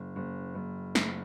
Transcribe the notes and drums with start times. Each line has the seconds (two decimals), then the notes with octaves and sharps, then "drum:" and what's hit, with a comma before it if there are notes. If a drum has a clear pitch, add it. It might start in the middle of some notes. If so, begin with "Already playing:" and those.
Already playing: F#1
0.16 F#1
0.55 F#1
0.95 F#1, drum: snare